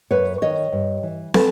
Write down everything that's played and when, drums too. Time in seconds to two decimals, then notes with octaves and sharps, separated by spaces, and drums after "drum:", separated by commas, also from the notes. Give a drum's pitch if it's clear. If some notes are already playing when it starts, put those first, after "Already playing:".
0.11 F#2 B4 C#5
0.42 D#3 C#5 D#5
0.72 G2
1.03 E3
1.34 A4 B4, drum: snare